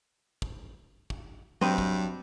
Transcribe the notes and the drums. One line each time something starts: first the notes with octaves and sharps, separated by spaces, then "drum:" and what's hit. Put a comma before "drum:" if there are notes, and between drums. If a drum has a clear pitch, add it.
drum: kick
drum: kick
G2 F#3 C4 D#5
drum: kick